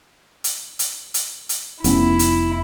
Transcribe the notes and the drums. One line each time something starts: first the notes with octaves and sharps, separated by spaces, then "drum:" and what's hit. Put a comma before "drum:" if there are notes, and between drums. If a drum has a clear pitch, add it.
drum: hi-hat
drum: hi-hat
drum: hi-hat
drum: hi-hat
F1 B3 C#4 E4, drum: hi-hat
drum: hi-hat